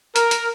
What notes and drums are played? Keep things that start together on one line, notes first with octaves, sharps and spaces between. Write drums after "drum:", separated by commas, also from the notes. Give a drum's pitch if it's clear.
A#4, drum: hi-hat
drum: hi-hat